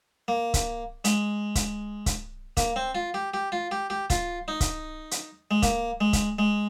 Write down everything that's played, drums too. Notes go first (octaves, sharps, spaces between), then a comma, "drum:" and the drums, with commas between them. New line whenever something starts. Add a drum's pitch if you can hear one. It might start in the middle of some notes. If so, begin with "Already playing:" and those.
A#3
drum: kick C#1, hi-hat
G#3, drum: hi-hat
drum: kick C#1, hi-hat
drum: kick C#1, hi-hat
A#3, drum: kick C#1, hi-hat
C4
F4
G4
G4
F4
G4
G4
F4, drum: kick C#1, hi-hat
D#4
drum: kick C#1, hi-hat
drum: hi-hat
G#3
A#3, drum: kick C#1, hi-hat
G#3
drum: kick C#1, hi-hat
G#3